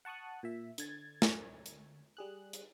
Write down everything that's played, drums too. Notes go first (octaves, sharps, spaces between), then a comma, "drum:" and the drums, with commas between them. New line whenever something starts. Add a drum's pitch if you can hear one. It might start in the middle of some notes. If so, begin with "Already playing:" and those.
F#5 A5 C#6 D#6 F#6
A#2 E5
D3 G#6 A6, drum: hi-hat
drum: snare
drum: hi-hat
G3 G#4 F#6
drum: hi-hat